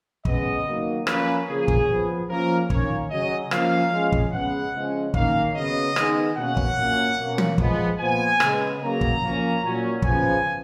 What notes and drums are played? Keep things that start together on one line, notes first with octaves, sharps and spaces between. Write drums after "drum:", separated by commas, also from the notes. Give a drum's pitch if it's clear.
C#3 G#3 B3 D#5, drum: kick
D#3 F#3 A#3
F3 A#3 C#4 B4, drum: rim click
C#3 F3 A#3 C#4 G#4
drum: kick
F3 B3
F3 A#3 C#4 A#4
D#3 A#3 C#4 C#5, drum: kick
C#3 F#3 C#4 D#5
F3 A#3 C#4 F5, drum: rim click
F3 G#3 C#4
drum: kick
C#3 G#3 B3 F#5
C#3 F3 G#3 C#4
D#3 A#3 C#4 F5, drum: kick
C#3 F#3 B3 D#5
D#3 G#3 B3, drum: rim click
B2 A#3 C#4 F#5
drum: kick
A#2 F#3 A#3 C#4
B2 A#3 C#4
drum: tom
F3 G#3 B3, drum: kick
A#2 F3 B3 G#5
C#3 G#3 B3, drum: rim click
C#3 F#3 A#3 A#5
drum: kick
F3 A#3 C#4
A#2 F#3 C#4
C#3 F3 B3 G#5, drum: kick